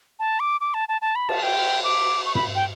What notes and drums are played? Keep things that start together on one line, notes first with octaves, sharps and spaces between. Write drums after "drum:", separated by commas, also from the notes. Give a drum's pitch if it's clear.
A5
D6
D6
A5
A5
A5
B5
A5, drum: cymbal
G5
D6
C#6
B5, drum: tom
G5